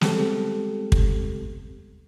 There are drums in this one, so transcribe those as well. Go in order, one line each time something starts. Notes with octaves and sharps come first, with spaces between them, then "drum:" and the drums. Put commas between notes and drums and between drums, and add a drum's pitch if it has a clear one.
G3 G#3 B3 C4 G4 A4, drum: snare
drum: kick